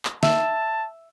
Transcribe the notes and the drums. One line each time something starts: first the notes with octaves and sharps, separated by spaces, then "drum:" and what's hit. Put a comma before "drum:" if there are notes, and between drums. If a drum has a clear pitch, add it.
drum: clap
E5 A5, drum: snare